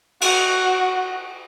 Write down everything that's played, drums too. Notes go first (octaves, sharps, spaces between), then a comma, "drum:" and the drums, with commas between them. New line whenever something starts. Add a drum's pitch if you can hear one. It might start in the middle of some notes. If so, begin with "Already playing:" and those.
F#4, drum: cymbal